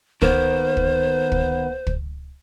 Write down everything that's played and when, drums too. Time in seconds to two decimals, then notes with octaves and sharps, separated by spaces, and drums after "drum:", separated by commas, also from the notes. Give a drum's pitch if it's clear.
0.22 D#3 A#3 B3 C5, drum: kick
0.77 drum: kick
1.32 drum: kick
1.87 drum: kick